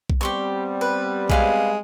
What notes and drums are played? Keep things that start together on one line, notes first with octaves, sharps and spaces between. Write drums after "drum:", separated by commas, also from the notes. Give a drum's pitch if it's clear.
drum: kick B1
G3 B3 C4 G4 C6 C#6
B4
G#3 B4 F5 G#5, drum: kick B1